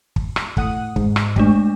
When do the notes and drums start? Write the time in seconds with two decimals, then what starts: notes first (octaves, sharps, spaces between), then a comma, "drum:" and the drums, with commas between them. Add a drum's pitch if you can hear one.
0.16 drum: kick
0.36 drum: rim click
0.57 A2 F#5 D#6, drum: kick
0.96 G#2, drum: kick
1.16 drum: rim click
1.36 G#3 A3 D4, drum: kick